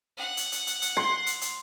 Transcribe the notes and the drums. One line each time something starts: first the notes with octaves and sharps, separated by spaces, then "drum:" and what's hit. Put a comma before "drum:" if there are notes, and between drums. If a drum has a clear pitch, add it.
F#5
drum: hi-hat
drum: hi-hat
drum: hi-hat
drum: hi-hat
C6
drum: hi-hat
drum: hi-hat